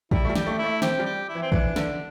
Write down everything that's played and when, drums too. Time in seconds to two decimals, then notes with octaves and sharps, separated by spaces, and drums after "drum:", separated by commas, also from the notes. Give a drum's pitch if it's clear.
0.11 G3 E4, drum: kick
0.24 A3
0.29 G3
0.36 G4, drum: snare
0.47 A3
0.58 E4
0.64 A3
0.82 C4 G4, drum: snare
0.99 G3
1.06 G4
1.29 E4
1.35 E3
1.42 C4
1.52 E3 D4, drum: kick
1.76 D3, drum: snare